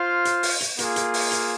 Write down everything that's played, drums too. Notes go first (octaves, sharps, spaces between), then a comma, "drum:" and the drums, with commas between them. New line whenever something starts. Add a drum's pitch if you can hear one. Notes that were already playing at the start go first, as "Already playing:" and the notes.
Already playing: F4 C5 F5
drum: hi-hat
drum: open hi-hat
drum: hi-hat
A#3 F4 G#4, drum: hi-hat
drum: hi-hat
drum: open hi-hat
drum: hi-hat